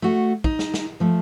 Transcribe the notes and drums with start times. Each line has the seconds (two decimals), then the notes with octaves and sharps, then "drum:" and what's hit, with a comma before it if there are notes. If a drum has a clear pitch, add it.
0.02 A3 F#4
0.44 D#4, drum: kick
0.59 drum: snare
0.74 drum: snare
1.00 F3 A3